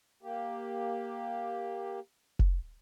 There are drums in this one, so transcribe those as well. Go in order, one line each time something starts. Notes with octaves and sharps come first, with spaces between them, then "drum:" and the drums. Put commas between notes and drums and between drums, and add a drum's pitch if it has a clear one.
A#3 G4
drum: kick F1